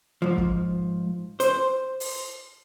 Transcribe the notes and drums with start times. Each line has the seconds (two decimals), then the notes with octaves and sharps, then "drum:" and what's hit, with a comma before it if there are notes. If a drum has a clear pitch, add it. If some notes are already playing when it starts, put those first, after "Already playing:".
0.22 G#2 F3
0.38 drum: kick
1.40 C5, drum: hi-hat
2.00 drum: open hi-hat